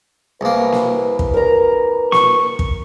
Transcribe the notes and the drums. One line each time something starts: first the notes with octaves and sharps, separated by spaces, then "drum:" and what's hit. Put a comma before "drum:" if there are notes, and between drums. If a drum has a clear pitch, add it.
C2 A#3 B4
drum: snare A#3
drum: kick
A#4 A#5
C#6, drum: snare A#3
drum: kick